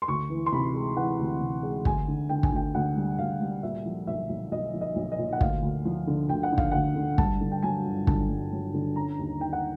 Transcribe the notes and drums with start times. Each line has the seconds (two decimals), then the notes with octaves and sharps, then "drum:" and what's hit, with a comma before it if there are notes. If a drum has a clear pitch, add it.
0.02 C6
0.08 D2 C#6
0.30 E3
0.46 C6
0.52 C3 B5
0.74 G#3
0.96 E3 F#5
1.19 D2
1.41 C3
1.63 G#3
1.85 D2 G#5, drum: kick
2.08 D3
2.29 D3 G5
2.43 G#5, drum: kick
2.52 D2 G5
2.74 D2 F#5
2.97 G3
3.18 D2 F5
3.41 G3
3.63 A#2 E5
3.86 F3
4.07 B1 E5
4.29 B1
4.51 B1 D#5
4.74 F3
4.81 D#5
4.96 B1
5.12 D#5
5.18 A#2
5.33 F#5
5.41 D2 F5, drum: kick
5.63 D2
5.85 F3
6.07 D3
6.29 D2 G5
6.43 F#5
6.52 D3
6.58 F5, drum: kick
6.71 D2 F#5
6.96 D3
7.18 G2 A5, drum: kick
7.41 D3
7.52 G5
7.63 F#3 G#5
7.85 G1
8.07 D3 A5, drum: kick
8.30 G2
8.52 F#3
8.74 D3
8.96 C#4 A#5
9.19 D#2
9.40 D#3 G5
9.53 F#5